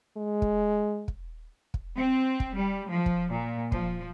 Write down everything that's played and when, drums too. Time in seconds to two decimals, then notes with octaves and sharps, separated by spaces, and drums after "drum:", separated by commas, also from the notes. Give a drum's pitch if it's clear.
0.17 G#3
0.42 drum: kick
1.08 drum: kick
1.74 drum: kick
1.96 C4
2.40 drum: kick
2.56 G3
2.89 F3
3.06 drum: kick
3.32 A#2
3.72 F3, drum: kick